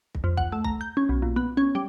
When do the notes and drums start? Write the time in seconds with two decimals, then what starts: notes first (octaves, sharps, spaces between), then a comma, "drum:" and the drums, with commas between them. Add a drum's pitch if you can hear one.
0.15 drum: kick
0.24 F2
0.37 F#5, drum: kick
0.52 A3
0.64 A#5, drum: kick
0.81 G6
0.97 C#4
1.09 B1
1.22 A#1
1.36 B3
1.57 C#4
1.75 G3